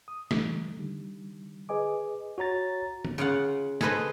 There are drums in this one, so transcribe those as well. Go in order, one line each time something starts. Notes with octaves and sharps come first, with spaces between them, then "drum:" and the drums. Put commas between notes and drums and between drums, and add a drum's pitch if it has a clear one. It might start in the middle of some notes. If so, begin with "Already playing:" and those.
D#6
E3 G3 A3, drum: snare
D3 D#3 G3
G#4 B4 D#5 G#5 D6
F#4 C#5 A#5 A6
drum: tom D3
C#3 F4 F5 F#5
G#4 A4 B4 C5 D#5, drum: snare